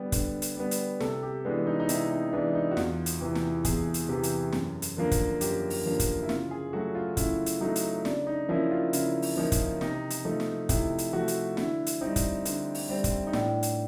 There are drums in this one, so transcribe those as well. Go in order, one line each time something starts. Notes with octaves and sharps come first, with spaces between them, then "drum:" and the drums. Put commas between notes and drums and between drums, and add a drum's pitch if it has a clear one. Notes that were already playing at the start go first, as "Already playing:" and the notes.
Already playing: D3 G3 B3
D3, drum: kick, hi-hat
drum: hi-hat
G3 B3
drum: hi-hat
C3 A4, drum: snare
G4
E3 G#3 B3 D4
D#4
D#4
C3 E4, drum: hi-hat
D#4
E3 G#3 B3 D4
D#4
F#4
E2 F4, drum: snare
drum: hi-hat
C3 E3
drum: snare
E2 G#4, drum: kick, hi-hat
drum: hi-hat
C3 E3 G4
drum: hi-hat
F#2, drum: snare
drum: hi-hat
D3 F3 A#3
drum: kick, hi-hat
F#2 G4, drum: hi-hat
drum: open hi-hat
D3 F3 A#3
drum: kick, hi-hat
E4
C#3 F4, drum: snare
G#4
F#3 A3 F#4
F4
C#3 E4, drum: kick, hi-hat
drum: hi-hat
F#3 A3 D#4
drum: hi-hat
C#3 D4, drum: snare
D#4
F3 A#3 C#4 E4
F4
C#3 E4, drum: hi-hat
drum: open hi-hat
F3 A#3 C#4 D#4
drum: kick, hi-hat
C3 D#4, drum: snare
drum: hi-hat
F3 A3 D#4
drum: snare
C3 E4, drum: kick, hi-hat
drum: hi-hat
F3 A3 F#4
drum: hi-hat
D3 E4, drum: snare
drum: hi-hat
G3 C4 D#4
drum: kick, hi-hat
D3, drum: hi-hat
drum: open hi-hat
G3 C4
drum: kick, hi-hat
D#4
A2 D4, drum: snare
drum: hi-hat